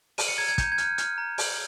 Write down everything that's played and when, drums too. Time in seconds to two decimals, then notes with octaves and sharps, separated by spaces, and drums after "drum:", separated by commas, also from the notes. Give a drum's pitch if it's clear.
0.18 F6 D#7, drum: open hi-hat
0.28 C#7
0.38 A#5 G#6
0.48 G#6
0.58 A#5 G6, drum: kick, hi-hat
0.72 G#6
0.78 F6, drum: hi-hat
0.85 G6
0.98 F6, drum: hi-hat
1.18 A#5
1.38 A#5, drum: open hi-hat